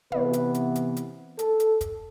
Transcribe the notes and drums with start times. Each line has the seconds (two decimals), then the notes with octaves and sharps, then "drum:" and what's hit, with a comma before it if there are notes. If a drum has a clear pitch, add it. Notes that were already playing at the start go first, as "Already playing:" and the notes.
0.12 C3 E3 B3 B4, drum: tom
0.33 drum: hi-hat
0.54 drum: hi-hat
0.75 drum: hi-hat
0.96 drum: hi-hat
1.39 A4, drum: hi-hat
1.60 drum: hi-hat
1.81 drum: kick, hi-hat